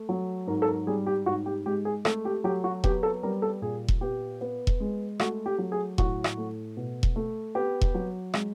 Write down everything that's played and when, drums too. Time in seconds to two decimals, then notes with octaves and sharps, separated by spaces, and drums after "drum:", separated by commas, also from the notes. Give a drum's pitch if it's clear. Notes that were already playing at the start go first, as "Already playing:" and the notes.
Already playing: A3
0.09 F#3
0.47 G#2 A#4
0.62 A4
0.68 A#4
0.87 G3 G#4
1.06 G4
1.26 G#2 F#4
1.46 G4
1.66 G#3 G4
1.85 G#4
2.05 A3 A4, drum: rim click
2.25 G4
2.44 F#3 G4
2.64 F#4
2.84 B3 G4, drum: kick E1
3.03 A4
3.23 G3 A#4
3.42 A4
3.62 A#2 G#4
3.88 drum: kick E1
4.01 B3 G4
4.41 B3
4.67 drum: kick E1
4.80 G#3
5.20 A3 F#4, drum: rim click
5.46 G4
5.58 F#3
5.72 G#4
5.98 A2 F#4, drum: kick E1
6.24 drum: rim click
6.37 A3
6.77 B2
7.03 drum: kick E1
7.16 A3
7.55 B3 G4
7.81 drum: kick E1
7.94 F#3
8.34 G#3, drum: rim click